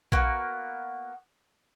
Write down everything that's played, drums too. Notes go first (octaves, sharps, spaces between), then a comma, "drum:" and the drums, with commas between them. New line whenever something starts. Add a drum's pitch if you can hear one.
A#3 B3 F#4, drum: kick A#1